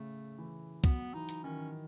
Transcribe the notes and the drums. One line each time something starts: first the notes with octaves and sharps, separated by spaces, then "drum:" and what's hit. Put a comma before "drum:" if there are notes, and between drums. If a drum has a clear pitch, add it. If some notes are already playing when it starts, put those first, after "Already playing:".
Already playing: A2 C#3 A3
E3
F#3 B3, drum: kick C2, hi-hat
E3 D#4
drum: hi-hat
D#3 C#4